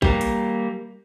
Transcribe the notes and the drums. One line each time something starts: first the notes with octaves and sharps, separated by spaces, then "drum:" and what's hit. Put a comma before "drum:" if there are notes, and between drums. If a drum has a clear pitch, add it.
G3 A#3, drum: kick A1
drum: hi-hat